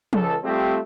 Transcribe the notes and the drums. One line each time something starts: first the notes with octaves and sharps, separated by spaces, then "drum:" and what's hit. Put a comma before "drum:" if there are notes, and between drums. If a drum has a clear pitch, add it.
C#2 A4, drum: tom
G3 A3 C4 F4 G4